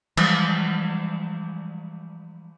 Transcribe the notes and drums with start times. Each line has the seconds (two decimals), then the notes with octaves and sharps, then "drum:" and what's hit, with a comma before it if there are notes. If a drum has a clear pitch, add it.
0.17 E3 F3 G3 G#3, drum: cymbal